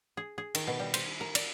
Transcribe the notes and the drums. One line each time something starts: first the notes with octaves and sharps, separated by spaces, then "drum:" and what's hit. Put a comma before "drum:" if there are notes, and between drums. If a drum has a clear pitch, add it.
G#4
G#4
D#3, drum: cymbal
B2
G3
C5, drum: cymbal
A#4
D5, drum: cymbal